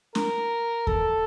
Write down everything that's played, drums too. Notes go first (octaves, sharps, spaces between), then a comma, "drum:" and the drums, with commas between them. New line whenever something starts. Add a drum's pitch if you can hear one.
A#4, drum: snare
A4, drum: kick D#2